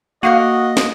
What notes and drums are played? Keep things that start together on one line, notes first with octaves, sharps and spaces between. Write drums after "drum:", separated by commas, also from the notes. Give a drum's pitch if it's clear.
A#3 F#4 A#4 D#5 F5 F#5
drum: snare